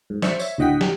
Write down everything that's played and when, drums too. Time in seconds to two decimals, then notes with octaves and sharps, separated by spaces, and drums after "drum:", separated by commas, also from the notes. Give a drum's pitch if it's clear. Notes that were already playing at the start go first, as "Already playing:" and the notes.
0.10 G#2
0.22 C5 D5 E5 C#6, drum: snare
0.39 C#5 E5, drum: tambourine
0.58 D2 A2 D#5 F#5 G5 B6
0.81 G3, drum: snare